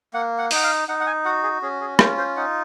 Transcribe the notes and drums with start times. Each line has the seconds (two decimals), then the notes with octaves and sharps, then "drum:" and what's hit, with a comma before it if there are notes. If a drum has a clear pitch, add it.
0.14 A#3 F#5
0.38 F#5
0.51 D#4 F#5, drum: open hi-hat
0.63 F5
0.88 D#4 F#5
1.00 F#5
1.06 G#5
1.25 F#4 F#5
1.43 G#4
1.62 C#4 G#4
1.81 G#4
1.99 F4 C5, drum: rim click
2.18 C5
2.36 D#4 F#5